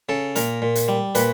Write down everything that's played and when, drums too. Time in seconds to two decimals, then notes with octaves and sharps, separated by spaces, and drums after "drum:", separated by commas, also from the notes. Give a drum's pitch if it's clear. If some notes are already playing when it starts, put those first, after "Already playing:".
0.09 C#3 A4
0.36 A#2 A#4, drum: hi-hat
0.62 A#2
0.75 drum: hi-hat
0.88 G3
1.15 A#2 B4, drum: hi-hat